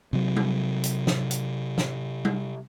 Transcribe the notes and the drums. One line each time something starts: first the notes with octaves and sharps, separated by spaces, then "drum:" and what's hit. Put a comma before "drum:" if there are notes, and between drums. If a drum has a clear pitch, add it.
C3 F#3
drum: tom G3
drum: hi-hat
drum: snare
drum: hi-hat
drum: snare
drum: tom G3